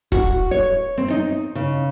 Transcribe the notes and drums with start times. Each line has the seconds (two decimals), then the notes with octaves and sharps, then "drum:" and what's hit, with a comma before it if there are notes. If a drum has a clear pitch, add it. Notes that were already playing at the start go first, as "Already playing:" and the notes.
0.12 F#4, drum: kick
0.51 C#5
0.98 C4
1.10 D#4
1.55 C#3